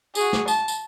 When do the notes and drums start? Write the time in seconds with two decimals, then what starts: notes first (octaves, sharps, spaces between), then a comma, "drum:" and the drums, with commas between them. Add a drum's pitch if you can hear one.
0.15 F#4 G#4, drum: tambourine
0.33 drum: snare
0.48 A5, drum: tambourine
0.68 drum: tambourine